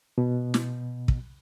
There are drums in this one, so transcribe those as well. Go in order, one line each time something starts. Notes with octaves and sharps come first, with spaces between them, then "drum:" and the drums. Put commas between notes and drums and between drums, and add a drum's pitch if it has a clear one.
B2
drum: snare
drum: kick